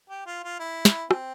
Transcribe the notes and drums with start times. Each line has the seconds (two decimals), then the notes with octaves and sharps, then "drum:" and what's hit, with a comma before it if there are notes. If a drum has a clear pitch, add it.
0.10 G4
0.27 F4
0.44 F4
0.59 E4
0.85 drum: snare
1.11 C4, drum: rim click